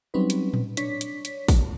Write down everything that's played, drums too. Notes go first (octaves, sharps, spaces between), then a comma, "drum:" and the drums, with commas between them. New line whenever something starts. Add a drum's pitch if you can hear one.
F#3 G3 C4 C#4 D#4 B4
drum: hi-hat
drum: tom A2
D4 C#5 B6, drum: hi-hat
drum: hi-hat
drum: hi-hat
drum: kick, open hi-hat